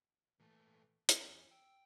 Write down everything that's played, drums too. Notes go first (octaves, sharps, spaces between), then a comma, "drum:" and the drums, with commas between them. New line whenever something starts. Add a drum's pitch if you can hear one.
A#2 E3 A3
G3 B3 C#4 F5 G5, drum: hi-hat
E2
G5 E6